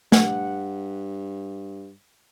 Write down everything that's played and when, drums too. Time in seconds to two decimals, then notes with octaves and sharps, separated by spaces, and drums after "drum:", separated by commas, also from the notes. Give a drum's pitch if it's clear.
0.12 G2 F#5, drum: snare